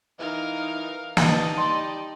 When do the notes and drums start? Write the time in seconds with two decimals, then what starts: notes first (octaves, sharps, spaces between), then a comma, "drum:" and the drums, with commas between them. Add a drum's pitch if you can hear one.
0.19 E3 D#4 A#4 F5
1.17 G2 D#4 D5 D#5 A5, drum: snare
1.58 G3 C6